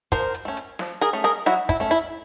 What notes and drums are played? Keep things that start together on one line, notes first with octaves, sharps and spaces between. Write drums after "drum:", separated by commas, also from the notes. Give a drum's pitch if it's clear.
F3 A#4 C5, drum: kick, hi-hat
drum: hi-hat
A3 C#4
drum: hi-hat
F3, drum: snare
G#4 A#4, drum: hi-hat
A3 C#4
G#4 A#4, drum: hi-hat
F#3 E4 F#4, drum: hi-hat
E4, drum: kick, hi-hat
A3 C#4
E4, drum: hi-hat